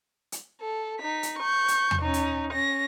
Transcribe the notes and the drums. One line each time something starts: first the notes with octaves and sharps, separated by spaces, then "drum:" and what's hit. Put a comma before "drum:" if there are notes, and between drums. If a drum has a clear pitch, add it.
drum: hi-hat
A4
D#4 B6
drum: hi-hat
C#6 G6
drum: hi-hat
drum: tom E2
C#4 D#4
drum: hi-hat
C#4 A#6